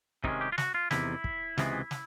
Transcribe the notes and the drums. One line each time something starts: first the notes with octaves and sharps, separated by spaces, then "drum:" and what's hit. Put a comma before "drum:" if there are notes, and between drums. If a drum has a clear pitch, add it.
C3 D#3 G#3 C#4 D#4, drum: kick
G4
F4
F#4, drum: snare
F4
E2 C3 D#3 E4, drum: snare
drum: kick
C#2 C3 E3 G#3 B3, drum: snare
drum: snare